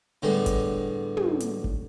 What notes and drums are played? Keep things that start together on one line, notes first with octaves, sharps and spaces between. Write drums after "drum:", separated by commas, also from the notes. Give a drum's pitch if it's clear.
A2 D3 G3 G#3 B3
drum: kick F#1, hi-hat
drum: tom
drum: hi-hat
drum: kick F#1